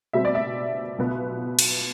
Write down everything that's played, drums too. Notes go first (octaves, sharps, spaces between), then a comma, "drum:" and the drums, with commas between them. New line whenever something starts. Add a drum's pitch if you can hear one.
B2 G3 C4 E5
D5
E5
B1 B2 B3 F4
drum: cymbal